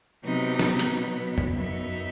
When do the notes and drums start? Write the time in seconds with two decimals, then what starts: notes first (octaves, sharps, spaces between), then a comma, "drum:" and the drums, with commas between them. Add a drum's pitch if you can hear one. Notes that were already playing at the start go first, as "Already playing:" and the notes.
0.24 C3 F#3 B3 D#4
0.59 drum: snare
0.79 drum: hi-hat
0.90 B2 F#3 B3
1.38 drum: tom E2
1.56 F#2 F#3 B3 D#4 E5